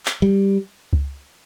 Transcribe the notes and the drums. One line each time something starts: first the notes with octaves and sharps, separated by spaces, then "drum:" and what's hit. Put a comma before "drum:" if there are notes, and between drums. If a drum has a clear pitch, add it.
drum: clap
G3
drum: kick C#2